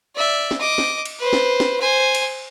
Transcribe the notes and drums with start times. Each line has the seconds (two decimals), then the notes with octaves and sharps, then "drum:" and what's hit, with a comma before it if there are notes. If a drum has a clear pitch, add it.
0.16 D5 E5
0.51 drum: snare
0.60 D#5 D6
0.78 drum: snare
1.05 drum: cymbal
1.19 B4 C5
1.33 drum: snare
1.60 drum: snare
1.80 C5 G#5
2.15 drum: cymbal